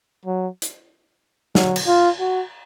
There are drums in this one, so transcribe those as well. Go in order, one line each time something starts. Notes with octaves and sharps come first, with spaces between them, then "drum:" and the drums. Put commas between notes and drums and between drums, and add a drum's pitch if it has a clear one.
F#3
drum: hi-hat
F#3, drum: snare
drum: cymbal
F4
F#4